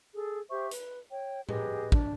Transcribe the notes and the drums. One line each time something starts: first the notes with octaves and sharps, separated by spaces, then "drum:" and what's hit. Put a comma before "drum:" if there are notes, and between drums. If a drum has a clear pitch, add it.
G#4 A4
G4 C5 E5 C#6
B4, drum: hi-hat
C#5 G5
G4 G#4 B4 D#5, drum: tom A2
D4, drum: kick